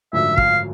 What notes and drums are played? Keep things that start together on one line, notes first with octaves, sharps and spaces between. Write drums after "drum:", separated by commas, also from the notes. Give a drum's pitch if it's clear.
G#1 F#2 D3 F3 A3 E5
F5, drum: kick